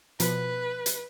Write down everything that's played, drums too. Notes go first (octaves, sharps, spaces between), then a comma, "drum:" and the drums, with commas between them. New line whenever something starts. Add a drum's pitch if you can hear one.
B2 F3 B4, drum: hi-hat
drum: hi-hat